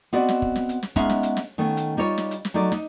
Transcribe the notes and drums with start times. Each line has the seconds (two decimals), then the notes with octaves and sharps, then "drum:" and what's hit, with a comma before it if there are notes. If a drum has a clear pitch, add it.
0.13 B3 C4 F#4 D5 D#5
0.29 drum: snare
0.42 drum: kick
0.56 drum: snare
0.69 drum: hi-hat
0.83 drum: snare
0.96 G#3 B3 C#4 D#4 E5 F5, drum: kick, hi-hat
1.10 drum: snare
1.23 drum: hi-hat
1.37 drum: snare
1.58 D#3 A3 B3 C#4
1.77 drum: hi-hat
1.97 G3 D#4 F4 C#5
2.18 drum: snare
2.31 drum: hi-hat
2.45 drum: snare
2.54 F#3 A3 D#4 D5
2.72 D#4, drum: snare